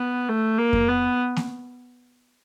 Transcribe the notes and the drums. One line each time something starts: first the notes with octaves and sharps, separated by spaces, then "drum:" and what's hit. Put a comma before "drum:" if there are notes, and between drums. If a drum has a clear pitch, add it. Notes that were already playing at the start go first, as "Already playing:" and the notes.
Already playing: B3
A3
A#3
drum: kick F2
B3
drum: snare A#3